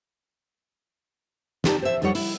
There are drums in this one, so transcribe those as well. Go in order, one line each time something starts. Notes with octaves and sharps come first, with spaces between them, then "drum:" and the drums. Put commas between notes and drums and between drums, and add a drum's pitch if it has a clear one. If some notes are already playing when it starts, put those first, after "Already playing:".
D#4 G4 D5 A5, drum: snare
C5 E5
F2 F3 G3 D#4 C#5 F#5
E4, drum: open hi-hat